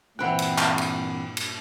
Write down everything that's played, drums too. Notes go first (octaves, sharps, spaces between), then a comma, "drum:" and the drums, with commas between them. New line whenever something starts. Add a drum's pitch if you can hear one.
G2 A#2 E3 C4 F#5 G5 B5 F#6
drum: cymbal
drum: clap
drum: cymbal
drum: cymbal